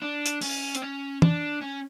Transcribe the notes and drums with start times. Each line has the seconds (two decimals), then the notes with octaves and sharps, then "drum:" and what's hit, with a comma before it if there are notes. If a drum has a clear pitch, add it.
0.02 D4
0.26 drum: hi-hat
0.41 C#4, drum: open hi-hat
0.75 C4, drum: hi-hat
0.82 C#4
1.22 D4, drum: tom
1.61 C#4